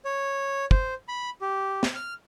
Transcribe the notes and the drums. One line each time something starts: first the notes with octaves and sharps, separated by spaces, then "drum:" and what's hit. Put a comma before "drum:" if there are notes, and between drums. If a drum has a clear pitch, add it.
C#5
C5, drum: kick
B5
G4
drum: snare
F6